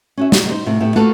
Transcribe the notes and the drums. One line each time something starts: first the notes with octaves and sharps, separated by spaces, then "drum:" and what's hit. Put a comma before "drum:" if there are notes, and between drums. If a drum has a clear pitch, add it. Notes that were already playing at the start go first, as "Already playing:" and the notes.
C#4 F#4 E5
A#3 F#4, drum: snare
D#4 C5
A2 C3 F4
A2 B3 G4 E5
A3 A#3 F4 F#4 A4 B4